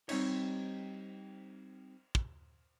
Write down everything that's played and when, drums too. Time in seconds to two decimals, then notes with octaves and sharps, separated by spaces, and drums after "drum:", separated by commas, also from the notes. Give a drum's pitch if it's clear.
0.09 G3 C4 D#4 C#5, drum: cymbal
2.15 drum: kick